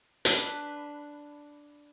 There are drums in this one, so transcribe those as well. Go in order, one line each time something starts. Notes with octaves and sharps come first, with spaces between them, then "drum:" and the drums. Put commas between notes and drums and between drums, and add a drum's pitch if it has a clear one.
D4 B4, drum: hi-hat